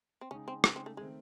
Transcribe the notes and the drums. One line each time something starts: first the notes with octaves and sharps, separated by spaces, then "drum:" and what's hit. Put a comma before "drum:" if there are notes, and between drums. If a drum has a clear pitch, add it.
C4
C#3 G#3 C#4 D#4
C4
C#3 G#3 C4 D#4, drum: rim click
C4
A3
D#3 G#3 A3 C4